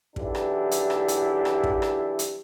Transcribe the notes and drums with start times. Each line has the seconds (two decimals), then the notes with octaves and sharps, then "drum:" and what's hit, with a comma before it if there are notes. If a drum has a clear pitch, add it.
0.16 B1 E3 D4 E4 G4, drum: kick
0.35 drum: rim click
0.71 drum: hi-hat
0.90 drum: rim click
1.08 drum: hi-hat
1.45 drum: rim click
1.64 drum: kick
1.82 drum: rim click
2.19 drum: hi-hat